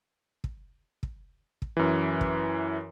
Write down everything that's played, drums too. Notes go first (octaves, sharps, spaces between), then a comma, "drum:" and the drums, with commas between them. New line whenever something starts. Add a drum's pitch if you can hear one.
drum: kick
drum: kick
drum: kick
F#2 E3
drum: kick